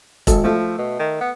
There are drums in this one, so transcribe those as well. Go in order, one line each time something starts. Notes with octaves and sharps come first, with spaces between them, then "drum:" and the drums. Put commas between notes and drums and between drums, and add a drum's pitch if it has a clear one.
G#1 A4, drum: kick E1, hi-hat
F3 A3
B2
D#3
B3